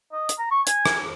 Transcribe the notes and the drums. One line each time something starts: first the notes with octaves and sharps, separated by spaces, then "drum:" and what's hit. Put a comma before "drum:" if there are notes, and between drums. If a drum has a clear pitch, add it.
D#5
drum: hi-hat
A#5
C#6
G#5, drum: hi-hat
drum: rim click